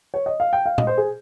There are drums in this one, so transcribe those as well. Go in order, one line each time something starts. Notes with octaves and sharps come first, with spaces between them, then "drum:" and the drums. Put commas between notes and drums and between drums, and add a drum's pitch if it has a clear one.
C#5
D#5
F5
G5
F5
D#5, drum: tom A#2
C5
G#4